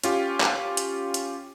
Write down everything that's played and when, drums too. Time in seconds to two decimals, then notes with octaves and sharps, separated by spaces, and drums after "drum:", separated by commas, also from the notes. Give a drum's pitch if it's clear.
0.04 C#4 F4 G4, drum: hi-hat
0.40 drum: clap
0.77 drum: hi-hat
1.14 drum: hi-hat